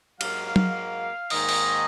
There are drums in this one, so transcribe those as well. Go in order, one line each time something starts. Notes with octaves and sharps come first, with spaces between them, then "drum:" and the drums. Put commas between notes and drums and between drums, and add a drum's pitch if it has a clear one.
G#2 F#3 A#3 F5, drum: cymbal
drum: tom F#3
G#2 D#3 A#3 D#5, drum: cymbal
drum: cymbal